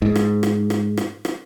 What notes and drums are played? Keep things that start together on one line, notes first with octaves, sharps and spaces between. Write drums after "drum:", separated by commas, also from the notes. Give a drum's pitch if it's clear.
G#2
drum: rim click
drum: rim click
drum: rim click
drum: rim click
drum: rim click